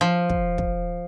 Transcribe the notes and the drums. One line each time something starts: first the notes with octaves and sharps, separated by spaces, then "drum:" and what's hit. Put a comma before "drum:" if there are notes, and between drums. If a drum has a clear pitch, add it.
F3
drum: kick
drum: kick